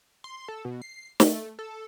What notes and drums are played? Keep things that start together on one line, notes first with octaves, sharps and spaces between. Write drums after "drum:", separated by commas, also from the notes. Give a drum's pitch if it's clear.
C6
A4
B2
C7
A3, drum: snare
A4